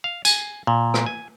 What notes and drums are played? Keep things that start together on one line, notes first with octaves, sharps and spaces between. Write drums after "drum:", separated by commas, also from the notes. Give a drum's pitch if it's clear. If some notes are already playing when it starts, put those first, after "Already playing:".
F5
G#5, drum: tambourine
A#2
drum: rim click
G#5